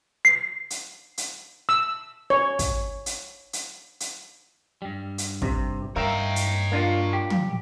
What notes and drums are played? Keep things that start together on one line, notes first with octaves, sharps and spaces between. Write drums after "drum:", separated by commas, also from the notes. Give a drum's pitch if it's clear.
C7
drum: hi-hat
drum: hi-hat
E6
C#5
drum: kick, hi-hat
drum: hi-hat
drum: hi-hat
drum: hi-hat
G2 G3
drum: hi-hat
C3, drum: kick
G2 D#4 A#4 C#5 E5 F5 G5
drum: hi-hat
A#3 D4 F4
G4
drum: tom